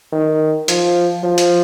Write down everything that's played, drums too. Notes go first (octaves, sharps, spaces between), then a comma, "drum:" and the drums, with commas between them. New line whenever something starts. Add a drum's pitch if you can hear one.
D#3
F3, drum: hi-hat
F3
drum: hi-hat